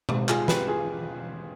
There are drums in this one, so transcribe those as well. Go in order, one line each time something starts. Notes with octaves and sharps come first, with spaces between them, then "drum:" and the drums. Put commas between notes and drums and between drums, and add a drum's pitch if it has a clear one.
G#1 G#2 G3 B3, drum: tom B2
F4 G#4, drum: clap
G4 B4, drum: snare
F4 G#4